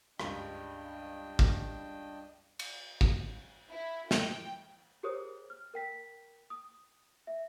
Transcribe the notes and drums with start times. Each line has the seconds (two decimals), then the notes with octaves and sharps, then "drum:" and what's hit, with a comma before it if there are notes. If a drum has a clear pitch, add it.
0.20 C#2 G2 D4 D#5 G5, drum: rim click
1.39 drum: kick
2.59 drum: cymbal
3.01 drum: kick
3.70 E4
4.11 G5, drum: snare
5.03 G4 G#4 A#4 C5 C#5 D#6
5.50 F6
5.74 A#4 G5 B6
6.50 D#6
7.27 E5